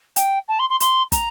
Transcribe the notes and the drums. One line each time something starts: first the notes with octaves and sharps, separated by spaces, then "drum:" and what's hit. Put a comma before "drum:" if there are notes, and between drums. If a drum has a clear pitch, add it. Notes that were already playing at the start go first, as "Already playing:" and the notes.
G5, drum: hi-hat
A5
C6
C6
C6, drum: hi-hat
A#5, drum: kick, hi-hat